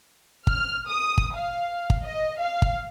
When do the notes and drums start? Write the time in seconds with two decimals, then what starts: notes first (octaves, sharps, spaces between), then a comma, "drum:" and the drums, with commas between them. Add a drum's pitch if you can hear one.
0.47 F6, drum: kick
0.88 D#6
1.18 drum: kick
1.36 F5
1.90 drum: kick
2.04 D#5
2.38 F5
2.62 drum: kick